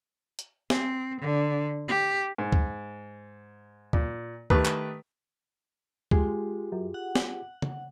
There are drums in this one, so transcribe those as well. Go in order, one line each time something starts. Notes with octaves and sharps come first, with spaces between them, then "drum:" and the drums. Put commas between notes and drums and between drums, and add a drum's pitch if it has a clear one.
drum: hi-hat
C4, drum: snare
D3
G4
G#2
drum: kick
A#2, drum: kick
D#3 A3 G4 B4, drum: kick
drum: clap
G#3 F4 G4 G#4, drum: kick
F#2
F#5
drum: snare
drum: tom